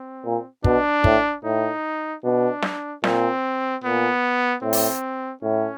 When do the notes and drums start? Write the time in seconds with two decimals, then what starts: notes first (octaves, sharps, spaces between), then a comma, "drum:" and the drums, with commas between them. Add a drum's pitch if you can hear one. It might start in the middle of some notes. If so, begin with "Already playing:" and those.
Already playing: C4
0.25 A#2
0.64 B2 D4, drum: kick
1.04 A2, drum: kick
1.44 A2 D#4
2.24 B2 D4
2.62 drum: snare
3.04 A#2 C4, drum: snare
3.83 A#2 B3
4.63 A2 C4
4.73 drum: open hi-hat
5.43 A2 C#4